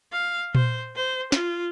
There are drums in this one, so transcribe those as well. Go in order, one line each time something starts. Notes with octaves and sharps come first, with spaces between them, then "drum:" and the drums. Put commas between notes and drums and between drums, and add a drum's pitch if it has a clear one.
F5
C5, drum: tom A#2
C5
F4, drum: snare